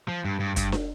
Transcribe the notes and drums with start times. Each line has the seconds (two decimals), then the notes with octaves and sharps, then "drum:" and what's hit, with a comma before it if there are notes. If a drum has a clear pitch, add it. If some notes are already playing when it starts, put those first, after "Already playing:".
0.08 F3
0.25 G2
0.40 G2
0.56 G2, drum: kick, hi-hat
0.72 drum: snare